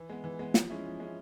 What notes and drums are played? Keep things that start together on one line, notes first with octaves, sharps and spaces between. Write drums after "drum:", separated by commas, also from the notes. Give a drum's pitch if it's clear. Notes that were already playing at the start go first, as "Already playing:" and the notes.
Already playing: E3
G#3 B3
E3
G#3 B3
F3, drum: snare
G#3 C#4 E4
F3
G#3 C#4 E4